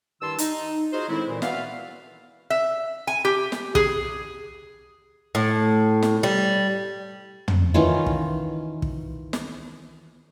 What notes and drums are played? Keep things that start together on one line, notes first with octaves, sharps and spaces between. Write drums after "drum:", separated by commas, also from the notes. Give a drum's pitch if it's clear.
G2 D#3 E4 A5 C6 E6
D#4, drum: hi-hat
D#4 F4 F#4 G#4 C5
A2 D#3 G#3 C4 E4
A#2 E3
F#4 B4 D5 E5 F5, drum: snare
E5
G#5
G4
drum: snare
G#4, drum: kick
A2
drum: snare
G3
drum: tom
D#3 E3 C#4 F4
drum: kick
drum: kick
drum: snare